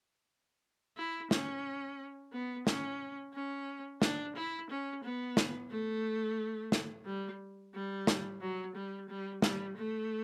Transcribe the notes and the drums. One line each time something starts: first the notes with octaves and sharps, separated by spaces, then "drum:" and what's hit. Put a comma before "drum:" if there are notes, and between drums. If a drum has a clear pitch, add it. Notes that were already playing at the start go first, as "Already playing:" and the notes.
E4
C#4, drum: snare
B3
C#4, drum: snare
C#4
D4, drum: snare
E4
C#4
B3
drum: snare
A3
drum: snare
G3
G3
drum: snare
F#3
G3
G3
G3, drum: snare
A3